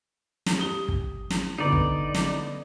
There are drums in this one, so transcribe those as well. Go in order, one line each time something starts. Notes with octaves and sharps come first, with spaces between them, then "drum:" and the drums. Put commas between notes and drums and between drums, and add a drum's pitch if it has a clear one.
drum: snare
G4 D#6 G7
drum: kick
drum: snare
D3 B3 D#4 D5
drum: kick
drum: snare